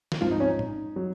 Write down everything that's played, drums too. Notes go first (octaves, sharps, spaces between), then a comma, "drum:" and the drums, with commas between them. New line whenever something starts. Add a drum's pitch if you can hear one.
drum: snare
G#1 G#2 F3 F4
D#4
C#4
D#4
drum: tom A2
F#3